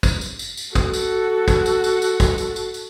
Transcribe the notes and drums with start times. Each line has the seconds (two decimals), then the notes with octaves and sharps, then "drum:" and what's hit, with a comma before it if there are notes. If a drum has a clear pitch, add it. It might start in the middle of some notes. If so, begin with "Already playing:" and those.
0.03 drum: kick, tambourine
0.21 drum: tambourine
0.39 drum: tambourine
0.57 drum: tambourine
0.75 F#4 A4, drum: kick, tambourine
0.93 drum: tambourine
1.48 drum: kick, tambourine
1.66 drum: tambourine
1.84 drum: tambourine
2.02 drum: tambourine
2.20 drum: kick, tambourine
2.38 drum: tambourine
2.56 drum: tambourine
2.74 drum: tambourine